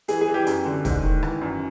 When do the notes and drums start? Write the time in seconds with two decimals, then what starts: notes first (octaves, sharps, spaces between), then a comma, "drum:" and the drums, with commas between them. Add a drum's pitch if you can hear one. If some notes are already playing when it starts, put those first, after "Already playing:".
0.08 E3 G#4, drum: hi-hat
0.21 G#4
0.28 E3
0.34 G4
0.46 F#2, drum: hi-hat
0.66 D3
0.85 G#2, drum: kick, hi-hat
1.03 D#3
1.23 E3, drum: rim click
1.41 F#2